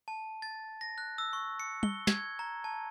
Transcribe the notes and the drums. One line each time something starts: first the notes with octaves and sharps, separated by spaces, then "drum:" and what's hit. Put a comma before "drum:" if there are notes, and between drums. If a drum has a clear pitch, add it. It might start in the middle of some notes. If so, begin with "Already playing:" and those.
A5
A6
A#6
F#6
E6
C#6
C#7
G7, drum: tom
G#6, drum: snare
A#5
A5